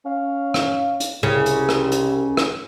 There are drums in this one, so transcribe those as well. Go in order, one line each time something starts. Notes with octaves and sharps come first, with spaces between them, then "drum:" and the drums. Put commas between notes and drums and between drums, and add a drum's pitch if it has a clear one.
C#4 F5
drum: rim click
drum: hi-hat
C2 C#3
drum: hi-hat
drum: rim click
drum: hi-hat
drum: rim click